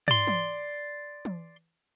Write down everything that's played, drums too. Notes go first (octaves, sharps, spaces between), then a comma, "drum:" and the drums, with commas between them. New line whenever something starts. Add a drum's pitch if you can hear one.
D5 C6, drum: tom
drum: tom E3
drum: tom E3